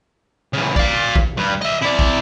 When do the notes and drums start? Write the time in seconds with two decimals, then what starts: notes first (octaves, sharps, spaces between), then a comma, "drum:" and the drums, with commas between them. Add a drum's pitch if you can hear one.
0.53 C#3 E3
0.76 D5 F5, drum: kick
1.16 drum: kick
1.37 G2
1.62 D#5 E5
1.82 E4 D5
1.99 drum: kick